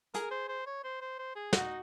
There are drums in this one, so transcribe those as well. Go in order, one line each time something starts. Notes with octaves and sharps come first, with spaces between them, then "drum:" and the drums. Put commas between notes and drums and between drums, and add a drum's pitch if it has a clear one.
G#4 A#4, drum: hi-hat
C5
C5
C#5
C5
C5
C5
G#4
D#4 F#4, drum: snare